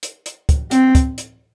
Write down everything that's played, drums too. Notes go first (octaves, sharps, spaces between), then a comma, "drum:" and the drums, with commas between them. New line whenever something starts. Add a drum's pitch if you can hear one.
drum: hi-hat
drum: hi-hat
drum: kick, hi-hat
C4, drum: hi-hat
drum: kick, hi-hat
drum: hi-hat